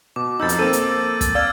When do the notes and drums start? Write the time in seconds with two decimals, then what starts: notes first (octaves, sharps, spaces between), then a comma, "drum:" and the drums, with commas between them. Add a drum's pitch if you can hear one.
0.16 B2 D6
0.40 F2 D#4 E6 G6 A6
0.49 drum: hi-hat
0.59 A#3 C4 A4 D#7
0.73 drum: hi-hat
1.21 A6, drum: kick, hi-hat
1.35 D5 F5 E6 F6 G#6